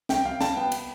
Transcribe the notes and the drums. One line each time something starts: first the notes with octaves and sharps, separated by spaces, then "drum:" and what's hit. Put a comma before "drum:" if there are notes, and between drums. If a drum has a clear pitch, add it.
C2 G5, drum: snare
C2 F5
C2 A5, drum: snare
B3 G5
B3, drum: cymbal